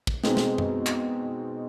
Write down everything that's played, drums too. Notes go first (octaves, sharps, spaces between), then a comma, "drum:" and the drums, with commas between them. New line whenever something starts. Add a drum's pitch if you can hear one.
drum: kick
B2 G#3 C4 D#4 G#4, drum: snare
drum: snare
drum: tom F#2
drum: clap